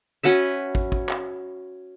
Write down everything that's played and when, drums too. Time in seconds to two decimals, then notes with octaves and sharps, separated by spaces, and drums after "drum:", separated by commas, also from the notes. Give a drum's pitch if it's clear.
0.24 C#4 F#4 B4 E5
0.75 drum: kick
0.92 drum: kick
1.09 drum: clap